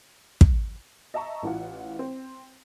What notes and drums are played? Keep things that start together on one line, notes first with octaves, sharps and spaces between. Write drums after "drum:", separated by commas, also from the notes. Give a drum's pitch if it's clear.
drum: kick
D#5 E5 A5 A#5 C#6
A1 E3 F4 F#5
C4